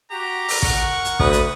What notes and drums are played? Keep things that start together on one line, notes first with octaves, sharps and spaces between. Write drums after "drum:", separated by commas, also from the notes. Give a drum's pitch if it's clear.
F#4 G4 A#5
drum: open hi-hat
A#4 F#5 C#6, drum: kick
drum: hi-hat
D2 B4 D#6, drum: kick
drum: hi-hat